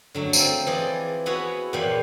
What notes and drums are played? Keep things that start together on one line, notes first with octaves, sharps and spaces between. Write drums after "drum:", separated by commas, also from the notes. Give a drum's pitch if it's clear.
D3 F#3 A3
F3 C4, drum: tambourine
E3 F3 G#4 D5 D#5
B3 E4 F#4 G#4 B4 C#5
E2 A#2 G4 C5 C#5 B5